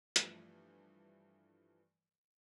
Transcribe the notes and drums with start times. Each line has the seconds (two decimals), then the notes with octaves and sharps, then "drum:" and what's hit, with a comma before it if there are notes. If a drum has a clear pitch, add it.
0.16 G2 E3 F3 A3, drum: hi-hat